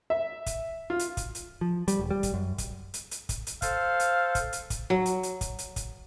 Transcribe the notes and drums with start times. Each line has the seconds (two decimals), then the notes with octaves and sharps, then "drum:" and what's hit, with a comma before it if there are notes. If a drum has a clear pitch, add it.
0.10 E5
0.46 drum: kick, hi-hat
0.90 F4
0.99 drum: hi-hat
1.17 drum: kick, hi-hat
1.35 drum: hi-hat
1.61 F3
1.88 G3, drum: hi-hat
1.99 E1
2.10 G3
2.23 drum: kick, hi-hat
2.34 F#2
2.58 drum: kick, hi-hat
2.94 drum: hi-hat
3.11 drum: hi-hat
3.29 drum: kick, hi-hat
3.47 drum: hi-hat
3.62 A4 C5 F5, drum: kick, hi-hat
4.00 drum: hi-hat
4.35 drum: kick, hi-hat
4.53 drum: hi-hat
4.70 drum: kick, hi-hat
4.90 F#3
5.06 drum: hi-hat
5.23 drum: hi-hat
5.41 drum: kick, hi-hat
5.59 drum: hi-hat
5.76 drum: kick, hi-hat